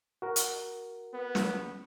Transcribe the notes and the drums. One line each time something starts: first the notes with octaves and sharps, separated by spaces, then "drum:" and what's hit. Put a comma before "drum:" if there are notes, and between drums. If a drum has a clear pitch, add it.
F#4 A#4
drum: hi-hat
B3
drum: snare